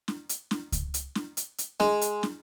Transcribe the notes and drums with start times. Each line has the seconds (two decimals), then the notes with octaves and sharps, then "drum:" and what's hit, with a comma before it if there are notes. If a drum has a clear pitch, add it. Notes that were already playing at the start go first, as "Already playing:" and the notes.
0.08 drum: snare
0.29 drum: hi-hat
0.51 drum: snare
0.72 drum: kick C#2, hi-hat
0.94 drum: hi-hat
1.15 drum: snare
1.37 drum: hi-hat
1.58 drum: hi-hat
1.80 G#3, drum: snare
2.01 drum: hi-hat
2.23 drum: snare